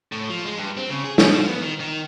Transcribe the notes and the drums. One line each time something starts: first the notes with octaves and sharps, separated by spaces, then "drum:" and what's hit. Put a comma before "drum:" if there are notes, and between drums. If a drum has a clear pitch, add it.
A2
F3
G#3
G2
C4
C#3
G#4
B2, drum: snare
F3
B3
D#3
D#3